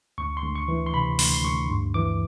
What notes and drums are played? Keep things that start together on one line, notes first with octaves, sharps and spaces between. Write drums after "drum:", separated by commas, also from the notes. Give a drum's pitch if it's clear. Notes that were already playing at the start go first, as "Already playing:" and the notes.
D2 C#6
C6
D2
C#6
E3
C6
C3 B5
D2 C6, drum: open hi-hat
C6
D2 C#6
G2
E3 D6